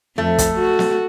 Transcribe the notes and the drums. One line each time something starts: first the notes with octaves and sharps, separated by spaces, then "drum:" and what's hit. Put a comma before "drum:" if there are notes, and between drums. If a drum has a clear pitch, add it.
F2 A3
drum: kick, hi-hat
F#4
drum: snare